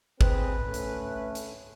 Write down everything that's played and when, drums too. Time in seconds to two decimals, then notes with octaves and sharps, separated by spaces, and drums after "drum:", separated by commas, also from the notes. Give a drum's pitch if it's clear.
0.21 C4 G#4 B4, drum: kick G#1
0.65 A3 C#4 A4
0.74 drum: hi-hat
1.35 drum: hi-hat